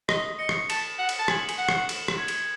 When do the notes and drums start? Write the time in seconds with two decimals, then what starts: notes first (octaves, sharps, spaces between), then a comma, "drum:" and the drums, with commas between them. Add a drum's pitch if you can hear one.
0.09 D#5 D#6, drum: rim click
0.39 D#5 C#7
0.49 drum: rim click
0.70 A5 E7, drum: cymbal
0.99 F#5
1.09 drum: cymbal
1.19 A5
1.28 G#5 F#7, drum: rim click
1.49 drum: cymbal
1.58 F#5
1.69 drum: rim click
1.89 E7, drum: cymbal
2.08 drum: rim click
2.18 G#6
2.28 drum: cymbal